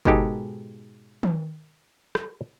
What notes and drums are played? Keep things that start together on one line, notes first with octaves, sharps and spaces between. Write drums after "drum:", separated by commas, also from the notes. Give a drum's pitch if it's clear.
G#2 B2 G#3 D#4 G4 A4, drum: kick G1
drum: tom D#3
drum: rim click